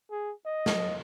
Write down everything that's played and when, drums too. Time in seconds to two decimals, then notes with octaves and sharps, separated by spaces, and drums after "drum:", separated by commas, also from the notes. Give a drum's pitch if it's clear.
0.11 G#4
0.46 D#5
0.66 drum: snare